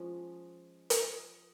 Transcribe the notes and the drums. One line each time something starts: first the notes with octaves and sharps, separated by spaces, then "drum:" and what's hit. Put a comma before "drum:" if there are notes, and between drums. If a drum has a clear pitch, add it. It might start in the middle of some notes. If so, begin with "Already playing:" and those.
Already playing: F3 G#3 C#4
drum: hi-hat